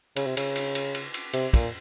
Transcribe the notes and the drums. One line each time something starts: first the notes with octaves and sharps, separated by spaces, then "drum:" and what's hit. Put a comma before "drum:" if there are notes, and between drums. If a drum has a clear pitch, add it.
C#3, drum: cymbal
C3
C#3, drum: cymbal
drum: cymbal
drum: cymbal
drum: cymbal
drum: cymbal
C3, drum: cymbal
A#2, drum: kick, cymbal